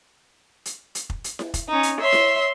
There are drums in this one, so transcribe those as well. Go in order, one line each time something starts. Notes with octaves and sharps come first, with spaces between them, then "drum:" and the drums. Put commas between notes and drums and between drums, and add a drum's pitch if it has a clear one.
drum: hi-hat
drum: hi-hat
drum: kick
drum: hi-hat
drum: snare E4
drum: kick, hi-hat
C#4 D#4
drum: hi-hat
C#5 E5 C6
drum: snare E4